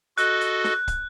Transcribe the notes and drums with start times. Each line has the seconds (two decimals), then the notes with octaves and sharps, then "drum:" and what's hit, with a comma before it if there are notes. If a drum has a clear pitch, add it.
0.18 F#4 A4 D#5 F#6, drum: hi-hat
0.41 drum: hi-hat
0.64 drum: snare
0.88 drum: kick, hi-hat